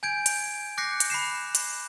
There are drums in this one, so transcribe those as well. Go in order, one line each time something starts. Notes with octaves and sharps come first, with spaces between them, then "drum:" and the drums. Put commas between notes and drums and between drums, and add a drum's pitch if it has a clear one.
G#5 G6 G#6 D7
drum: hi-hat
D6 F#6 G6 A#6 C7 C#7
drum: hi-hat
B5 F#6 C7 E7
drum: hi-hat